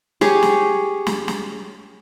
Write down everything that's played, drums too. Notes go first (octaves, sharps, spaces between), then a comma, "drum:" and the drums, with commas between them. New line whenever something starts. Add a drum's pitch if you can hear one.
G4 G#4 C#5, drum: snare
drum: snare
drum: snare
drum: snare